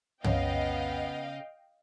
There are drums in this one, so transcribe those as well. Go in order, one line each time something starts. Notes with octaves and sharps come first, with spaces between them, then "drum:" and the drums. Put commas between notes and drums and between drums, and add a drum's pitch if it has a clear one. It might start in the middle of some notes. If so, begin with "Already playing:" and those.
C#3 B3 D#5 F5 G5, drum: tom